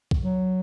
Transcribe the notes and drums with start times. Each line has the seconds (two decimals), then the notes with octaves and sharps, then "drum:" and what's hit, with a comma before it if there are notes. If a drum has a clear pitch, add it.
0.11 drum: kick A#1
0.22 F#3